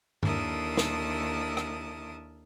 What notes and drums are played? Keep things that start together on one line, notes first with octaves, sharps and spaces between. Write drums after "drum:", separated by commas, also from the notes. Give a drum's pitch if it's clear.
D#2 D3 E4 A#4 A5 D#6, drum: tom G2
drum: snare
drum: rim click